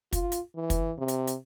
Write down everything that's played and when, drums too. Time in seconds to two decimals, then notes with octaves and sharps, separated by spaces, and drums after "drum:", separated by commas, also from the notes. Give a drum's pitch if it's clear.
0.13 F4, drum: kick, hi-hat
0.32 drum: hi-hat
0.56 E3
0.70 drum: kick, hi-hat
0.98 C3
1.08 drum: hi-hat
1.27 drum: hi-hat